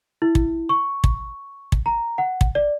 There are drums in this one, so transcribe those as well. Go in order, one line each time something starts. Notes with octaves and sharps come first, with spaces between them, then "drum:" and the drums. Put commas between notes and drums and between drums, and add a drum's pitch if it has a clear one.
E4
drum: kick
C#6
drum: kick
drum: kick
A#5
F#5
drum: kick
D5